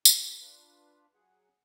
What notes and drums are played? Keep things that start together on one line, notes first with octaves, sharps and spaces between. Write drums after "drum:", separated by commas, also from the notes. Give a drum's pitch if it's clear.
D#4 G4, drum: tambourine
D4 F4 B4
F#3 G#4 F#5